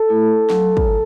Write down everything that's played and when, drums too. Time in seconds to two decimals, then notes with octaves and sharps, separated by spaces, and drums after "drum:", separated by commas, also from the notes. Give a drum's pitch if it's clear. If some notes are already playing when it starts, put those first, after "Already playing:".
Already playing: A4 A5
0.09 A3 E4
0.50 F#3, drum: snare
0.77 drum: kick